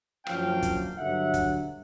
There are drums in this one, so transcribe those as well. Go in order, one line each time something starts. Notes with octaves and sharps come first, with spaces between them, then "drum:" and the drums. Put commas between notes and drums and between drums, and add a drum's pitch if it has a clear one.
F#2 D3 F3 A#3 C#4 F5 G5, drum: rim click
drum: kick, hi-hat
G2 D3 F#3 E5 F#5
drum: kick, hi-hat